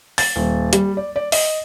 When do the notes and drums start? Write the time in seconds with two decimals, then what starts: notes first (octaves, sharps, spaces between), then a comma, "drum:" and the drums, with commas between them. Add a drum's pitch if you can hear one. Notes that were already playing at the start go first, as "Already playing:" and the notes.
0.18 A6, drum: open hi-hat
0.36 D#1
0.73 G3, drum: hi-hat
0.97 D5
1.16 D5
1.32 D#5, drum: open hi-hat